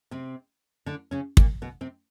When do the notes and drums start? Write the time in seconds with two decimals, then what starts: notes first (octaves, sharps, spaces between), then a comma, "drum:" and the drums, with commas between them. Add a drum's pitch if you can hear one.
0.11 C3 C4
0.86 D3 D4
1.11 C#3 C#4
1.37 A#2 A#3, drum: kick
1.62 B2 B3
1.81 C3 C4